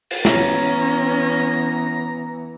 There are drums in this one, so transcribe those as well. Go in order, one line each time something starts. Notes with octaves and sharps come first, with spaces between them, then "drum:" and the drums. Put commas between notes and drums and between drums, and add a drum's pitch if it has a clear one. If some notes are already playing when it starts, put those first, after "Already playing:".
drum: open hi-hat
E3 B3 C#4 A#5, drum: snare